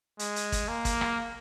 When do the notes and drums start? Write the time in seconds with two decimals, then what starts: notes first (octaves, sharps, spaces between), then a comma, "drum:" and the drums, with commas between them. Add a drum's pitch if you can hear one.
0.19 G#3, drum: hi-hat
0.36 drum: hi-hat
0.52 drum: kick, hi-hat
0.68 A#3
0.85 drum: kick, hi-hat
1.01 drum: rim click